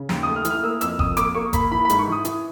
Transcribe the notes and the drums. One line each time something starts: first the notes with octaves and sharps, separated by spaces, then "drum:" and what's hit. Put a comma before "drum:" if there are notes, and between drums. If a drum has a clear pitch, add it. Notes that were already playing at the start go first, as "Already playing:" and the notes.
Already playing: C#3
D#2, drum: snare
D#6
A3
F6
E3, drum: hi-hat
F6
A#3 E6
F2 E6, drum: hi-hat
F2 D#6, drum: kick F#1
A#3 D6, drum: hi-hat
A#3 C#6
A#3 B5, drum: kick F#1, hi-hat
E3 B5
B5
G#2, drum: hi-hat
C#6
E3 D#6
E3, drum: hi-hat